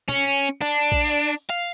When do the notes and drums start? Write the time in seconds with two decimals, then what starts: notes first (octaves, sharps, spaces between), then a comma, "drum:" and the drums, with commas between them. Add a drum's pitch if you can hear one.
0.09 C#4, drum: tom
0.61 D4
0.92 drum: kick A#1
1.06 drum: open hi-hat
1.50 F5